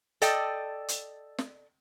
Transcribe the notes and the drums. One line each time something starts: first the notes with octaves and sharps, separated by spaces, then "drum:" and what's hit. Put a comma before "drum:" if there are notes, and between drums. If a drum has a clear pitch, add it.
A4 D5 D#5 G5 A5, drum: hi-hat
drum: hi-hat
drum: snare